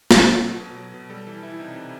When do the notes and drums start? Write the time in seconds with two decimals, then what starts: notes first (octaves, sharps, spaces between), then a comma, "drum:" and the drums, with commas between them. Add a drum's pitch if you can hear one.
0.11 F#3 A4, drum: snare
0.27 F#3
0.44 B2
0.60 B2
0.76 F#3
0.94 B2
1.09 G3 A4
1.27 E3 A4
1.43 E3 E4
1.59 C3 D#4
1.76 C3